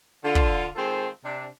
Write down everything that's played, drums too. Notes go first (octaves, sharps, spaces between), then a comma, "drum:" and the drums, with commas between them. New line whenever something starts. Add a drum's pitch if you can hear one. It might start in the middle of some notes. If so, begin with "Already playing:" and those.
D3 F4
drum: kick
D#3 G#3 C4 F4 A4 C5
C3 D4